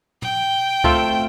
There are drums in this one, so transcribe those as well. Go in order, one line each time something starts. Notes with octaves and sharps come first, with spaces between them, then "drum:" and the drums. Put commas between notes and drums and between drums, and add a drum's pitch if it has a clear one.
G5, drum: tom
A3 C4 F4, drum: kick C#2